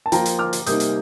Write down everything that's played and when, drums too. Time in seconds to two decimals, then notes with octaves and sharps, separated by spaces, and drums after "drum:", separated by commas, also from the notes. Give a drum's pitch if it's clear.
0.06 A5
0.12 F3 A#3 F4 G5 A#5, drum: hi-hat
0.26 drum: hi-hat
0.39 D6 F6
0.53 drum: hi-hat
0.66 C3 G3 A#3 D#4 D#6 G6, drum: hi-hat
0.80 drum: hi-hat